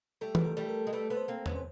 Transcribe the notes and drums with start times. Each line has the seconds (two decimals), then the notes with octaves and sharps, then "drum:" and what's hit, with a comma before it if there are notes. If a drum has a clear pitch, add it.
0.21 G3 A3 A4
0.35 B4, drum: tom E3
0.44 A#4
0.57 G3 A3
0.69 A#4
0.87 G#3
0.93 G3 A3 B4
1.10 A3 B3 B4
1.17 C5
1.28 A#3 C4
1.46 B3 C#4, drum: tom E2
1.56 C5